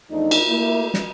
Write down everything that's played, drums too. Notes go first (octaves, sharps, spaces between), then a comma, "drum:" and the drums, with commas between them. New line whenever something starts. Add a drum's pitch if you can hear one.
E2 F3 A3 D4 D#4
drum: cymbal
A3 A#3 E4
drum: snare